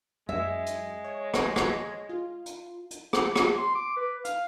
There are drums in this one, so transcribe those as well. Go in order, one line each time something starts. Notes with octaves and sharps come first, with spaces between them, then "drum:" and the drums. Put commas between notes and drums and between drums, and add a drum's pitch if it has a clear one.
F#2 G#3 E5
drum: hi-hat
C#5
drum: rim click
drum: rim click
F4
drum: hi-hat
drum: hi-hat
drum: rim click
drum: rim click
C6
D6
B4
F5, drum: hi-hat